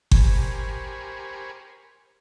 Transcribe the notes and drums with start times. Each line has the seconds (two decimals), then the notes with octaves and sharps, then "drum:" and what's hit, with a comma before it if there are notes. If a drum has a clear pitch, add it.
0.11 G4 A#4 C5 G#5 B5 C#6, drum: kick G1